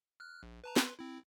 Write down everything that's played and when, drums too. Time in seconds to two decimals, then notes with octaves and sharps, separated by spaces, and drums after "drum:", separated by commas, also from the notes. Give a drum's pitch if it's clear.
0.20 F6 F#6
0.43 A#1
0.64 B4 A5 A#5
0.76 B4 C6, drum: snare
0.99 C4 E4